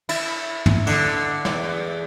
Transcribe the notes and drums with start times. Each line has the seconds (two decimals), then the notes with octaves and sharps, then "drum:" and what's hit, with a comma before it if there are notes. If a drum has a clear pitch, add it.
0.09 E4, drum: cymbal
0.66 drum: tom
0.87 D3, drum: cymbal
1.45 E2, drum: snare